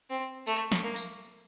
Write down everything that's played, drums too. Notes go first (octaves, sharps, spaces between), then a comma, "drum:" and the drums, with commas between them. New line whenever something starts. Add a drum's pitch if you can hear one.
C4
A3, drum: tambourine
drum: snare
A#3
drum: tambourine